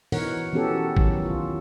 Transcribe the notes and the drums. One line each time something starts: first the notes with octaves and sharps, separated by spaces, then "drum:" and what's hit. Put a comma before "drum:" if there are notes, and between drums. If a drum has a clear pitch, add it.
B2 E3 D#4 A#4 C#5 F#5, drum: open hi-hat
E3 B3 C#4 F#4 G4 A4
D#3 F#3, drum: kick
F4